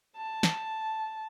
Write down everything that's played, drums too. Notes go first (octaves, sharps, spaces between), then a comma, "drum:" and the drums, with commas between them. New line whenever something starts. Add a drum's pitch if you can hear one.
A5
drum: snare